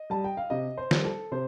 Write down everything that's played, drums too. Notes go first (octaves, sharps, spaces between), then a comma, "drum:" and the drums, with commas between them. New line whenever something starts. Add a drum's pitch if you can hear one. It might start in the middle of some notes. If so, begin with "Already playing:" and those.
Already playing: D#5
G3 A5
G5
F5
C3 D#5
C5
G3, drum: snare
A4
C3 C5